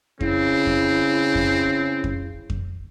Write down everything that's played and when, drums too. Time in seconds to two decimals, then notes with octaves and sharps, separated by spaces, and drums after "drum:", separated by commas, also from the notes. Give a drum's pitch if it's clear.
0.21 C#3 C4 E4, drum: kick F2
0.66 drum: kick F2
1.35 drum: kick F2
2.04 drum: kick F2
2.50 drum: kick F2